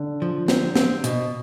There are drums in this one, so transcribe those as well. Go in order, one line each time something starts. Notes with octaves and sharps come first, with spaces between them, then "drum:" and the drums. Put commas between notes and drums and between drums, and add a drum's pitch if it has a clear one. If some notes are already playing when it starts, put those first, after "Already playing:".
Already playing: D3
F3
C4, drum: snare
C4, drum: snare
B2, drum: hi-hat